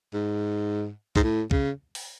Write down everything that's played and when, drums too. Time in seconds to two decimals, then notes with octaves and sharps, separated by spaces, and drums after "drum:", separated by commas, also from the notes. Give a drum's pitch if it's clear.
0.14 G#2
1.16 G#2, drum: kick
1.23 A2
1.51 C#3, drum: kick
1.95 drum: open hi-hat